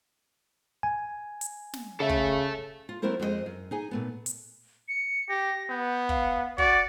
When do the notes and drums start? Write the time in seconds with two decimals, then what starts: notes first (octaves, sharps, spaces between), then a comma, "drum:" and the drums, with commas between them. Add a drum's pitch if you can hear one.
0.83 G#5
1.41 drum: hi-hat
1.74 drum: snare
2.00 C#3 A4 E5
2.09 drum: kick
2.89 F4
3.02 F#3 A3 C4 E4 A#4 C5
3.20 F2 G#3 F#4 C5 D#5
3.46 F#2
3.71 D#4 G#4 G#5
3.91 A#2 A3 B3
4.26 drum: hi-hat
4.88 C#7
5.29 G4 A#6
5.70 B3 G6
6.09 F5, drum: kick
6.58 F#4 D5 C#7, drum: kick